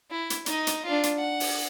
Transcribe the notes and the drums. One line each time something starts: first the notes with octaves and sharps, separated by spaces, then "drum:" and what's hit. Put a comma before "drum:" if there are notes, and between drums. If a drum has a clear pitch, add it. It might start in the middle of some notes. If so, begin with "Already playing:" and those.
E4
drum: hi-hat
D#4 D#5, drum: hi-hat
drum: hi-hat
D4 F4
drum: hi-hat
F#5
drum: open hi-hat